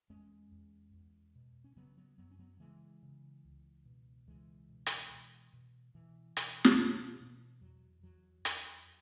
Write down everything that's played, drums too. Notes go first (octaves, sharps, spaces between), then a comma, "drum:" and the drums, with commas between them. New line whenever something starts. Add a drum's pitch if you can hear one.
E2 G#3 C#4
E2
E2
B2
C#4
C#3 F#3 B3
F#3 B3
F#2 F#3 B3
C#4
F#3 B3
C#3 E3 G#3
C#3
C#2
B2
C#2 E3 G#3
B2
drum: hi-hat
B2
B2
B2 E3
B2, drum: hi-hat
drum: snare
B2
B2
E2 F#3
E2 F#3
E2, drum: hi-hat